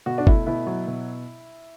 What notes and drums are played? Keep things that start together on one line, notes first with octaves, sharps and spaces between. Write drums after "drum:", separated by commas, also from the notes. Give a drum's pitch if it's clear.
B2 F#4
D4
A3 E4, drum: kick
B2 E4
F#3
B2